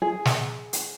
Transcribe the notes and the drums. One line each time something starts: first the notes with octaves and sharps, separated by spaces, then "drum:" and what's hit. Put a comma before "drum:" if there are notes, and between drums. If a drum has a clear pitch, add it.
G#4
drum: snare
drum: hi-hat